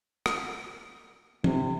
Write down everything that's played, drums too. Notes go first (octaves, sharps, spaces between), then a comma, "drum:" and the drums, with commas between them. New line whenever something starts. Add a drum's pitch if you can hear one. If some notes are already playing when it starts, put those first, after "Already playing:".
drum: rim click
C3, drum: tom E3